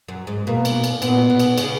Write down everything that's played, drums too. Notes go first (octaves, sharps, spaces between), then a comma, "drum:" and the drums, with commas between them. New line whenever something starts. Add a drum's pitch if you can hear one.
F#2
G#2
B2 A#3
drum: cymbal
drum: cymbal
A#2 B3, drum: cymbal
B2
drum: cymbal
C#3, drum: cymbal